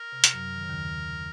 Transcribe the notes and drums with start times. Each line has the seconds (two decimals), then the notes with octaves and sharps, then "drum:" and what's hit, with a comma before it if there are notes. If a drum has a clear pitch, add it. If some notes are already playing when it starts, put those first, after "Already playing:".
Already playing: A#4
0.12 C3
0.24 drum: hi-hat
0.33 F#2 F#3
0.56 D#3
0.63 C#3
0.69 D#2 D#3